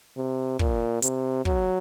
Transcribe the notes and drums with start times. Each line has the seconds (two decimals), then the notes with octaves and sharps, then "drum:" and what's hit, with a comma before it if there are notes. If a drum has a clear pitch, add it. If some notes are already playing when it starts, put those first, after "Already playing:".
0.17 C3
0.59 A#2, drum: kick
1.02 C3, drum: hi-hat
1.45 F#3, drum: kick